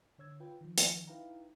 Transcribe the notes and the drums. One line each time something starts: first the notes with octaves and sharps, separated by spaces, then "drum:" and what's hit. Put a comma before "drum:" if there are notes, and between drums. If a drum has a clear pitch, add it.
D3 C#5 E6 G#6
F4 B4 G5
D#3 F3
drum: hi-hat
D#4 E4 B4 F5 G5 A#5